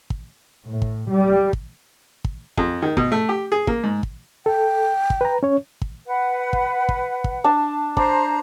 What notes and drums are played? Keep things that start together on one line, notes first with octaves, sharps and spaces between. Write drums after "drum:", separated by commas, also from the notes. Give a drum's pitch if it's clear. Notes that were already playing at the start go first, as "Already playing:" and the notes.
drum: kick
A2
drum: kick
G3
drum: kick
drum: kick
F2, drum: kick
D#3
B2, drum: kick
A3
G4
G#4
A#3, drum: kick
G#2
drum: kick
A4 G5
drum: kick
B4 A#5
C#4 C#5
drum: kick
B4 F#5
drum: kick
drum: kick
drum: kick
D4 A5
D4 C5 A#5, drum: kick